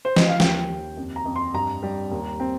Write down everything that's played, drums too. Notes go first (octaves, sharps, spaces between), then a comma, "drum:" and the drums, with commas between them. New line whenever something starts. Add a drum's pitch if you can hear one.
C5
D#5, drum: snare
F5
D#2 G5, drum: snare
D#2
F2
A#5
F2
C6
G2 A#5
G3
D#2
C4